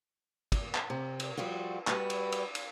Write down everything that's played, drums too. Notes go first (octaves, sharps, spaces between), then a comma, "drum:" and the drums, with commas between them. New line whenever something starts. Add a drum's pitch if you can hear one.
drum: kick, cymbal
drum: clap
C3
drum: cymbal
F3 G3 F4 F#4
G3 F#4 B4, drum: clap
drum: cymbal
drum: cymbal
drum: cymbal